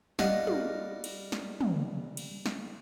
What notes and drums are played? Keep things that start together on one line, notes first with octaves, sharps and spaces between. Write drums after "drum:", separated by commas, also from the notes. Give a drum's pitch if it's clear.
G3 D#5 F5 F#5, drum: snare
drum: tom
drum: cymbal
drum: snare
drum: tom
drum: cymbal
drum: snare